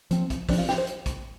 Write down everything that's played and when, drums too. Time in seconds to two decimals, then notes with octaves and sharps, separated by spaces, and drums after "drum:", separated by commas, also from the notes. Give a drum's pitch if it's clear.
0.11 F3 C4, drum: hi-hat
0.30 drum: kick, hi-hat
0.49 F3 C4 D4, drum: kick, open hi-hat
0.58 F4
0.69 G4, drum: snare
0.78 C5
0.87 drum: hi-hat
1.06 drum: kick, hi-hat